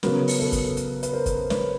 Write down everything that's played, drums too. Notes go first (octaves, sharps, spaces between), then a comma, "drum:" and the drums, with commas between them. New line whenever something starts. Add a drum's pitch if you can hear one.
C#3 F#3 B3 A#4, drum: snare
drum: open hi-hat
A4 B4
drum: kick, hi-hat
drum: hi-hat
B4, drum: hi-hat
A#4 C5
drum: kick, hi-hat
B4 C#5, drum: snare